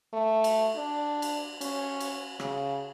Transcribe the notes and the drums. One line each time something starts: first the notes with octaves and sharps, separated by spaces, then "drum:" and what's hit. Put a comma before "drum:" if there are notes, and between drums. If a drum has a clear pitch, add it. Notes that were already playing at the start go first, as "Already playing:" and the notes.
A3
drum: cymbal
D4
drum: cymbal
C#4, drum: cymbal
drum: cymbal
C#3, drum: rim click